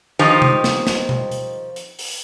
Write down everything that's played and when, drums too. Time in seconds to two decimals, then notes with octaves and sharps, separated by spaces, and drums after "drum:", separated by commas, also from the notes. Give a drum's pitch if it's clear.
0.19 D#3 F3 D#4 G4 C5
0.42 drum: tom C3
0.64 drum: snare
0.87 drum: snare
1.09 drum: tom B2
1.31 drum: hi-hat
1.76 drum: hi-hat
1.99 drum: open hi-hat